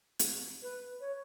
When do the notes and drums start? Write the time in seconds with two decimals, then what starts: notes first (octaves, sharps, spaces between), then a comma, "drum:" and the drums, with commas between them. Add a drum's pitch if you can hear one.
0.19 drum: hi-hat
0.62 B4
1.00 C#5